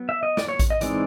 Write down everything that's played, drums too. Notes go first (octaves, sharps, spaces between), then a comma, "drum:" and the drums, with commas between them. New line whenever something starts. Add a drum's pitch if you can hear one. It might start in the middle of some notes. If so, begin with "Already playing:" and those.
Already playing: F#3 B3
E5
D#5
D5, drum: snare
C#5
drum: kick A1, hi-hat
D#5
E3 G#3 C4 D#4 D5, drum: hi-hat